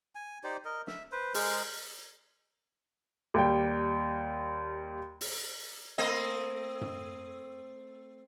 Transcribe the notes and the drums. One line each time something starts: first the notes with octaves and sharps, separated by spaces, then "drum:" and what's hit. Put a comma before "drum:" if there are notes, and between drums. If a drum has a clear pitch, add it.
G#5
D#4 G4 C5 D5
A#4 D#5
E5, drum: snare
B4 C5
G#3 G#4 A#4 C5, drum: open hi-hat
D#2 G3 G5
drum: open hi-hat
A3 C4 D#5
drum: tom F#2